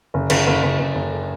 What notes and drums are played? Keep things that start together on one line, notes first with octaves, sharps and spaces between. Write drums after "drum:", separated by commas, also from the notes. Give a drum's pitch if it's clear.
F#1
F#1, drum: cymbal
F#1
F#1
F#1
F#1